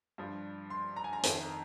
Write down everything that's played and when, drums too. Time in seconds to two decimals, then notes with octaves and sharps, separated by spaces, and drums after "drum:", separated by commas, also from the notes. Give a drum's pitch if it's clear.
0.18 G2 F3
0.70 C6
0.96 A#5
1.04 G#5
1.13 A#5
1.23 F2 D#3, drum: hi-hat